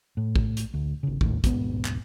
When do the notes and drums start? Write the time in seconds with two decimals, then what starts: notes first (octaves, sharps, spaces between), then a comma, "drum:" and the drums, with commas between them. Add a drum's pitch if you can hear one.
0.17 A2
0.36 drum: kick
0.57 drum: hi-hat
0.74 D2
1.03 G#1 C#3
1.21 E1 D#2 A2 D#3, drum: kick
1.44 D#1 B1 G#2 B3, drum: kick, hi-hat
1.85 drum: clap